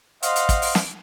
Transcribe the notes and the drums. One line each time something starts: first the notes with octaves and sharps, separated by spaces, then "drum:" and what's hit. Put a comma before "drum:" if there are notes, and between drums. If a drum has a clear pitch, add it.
C5 D#5 F5 F#5 C6, drum: hi-hat
drum: hi-hat
drum: kick, hi-hat
drum: open hi-hat
drum: snare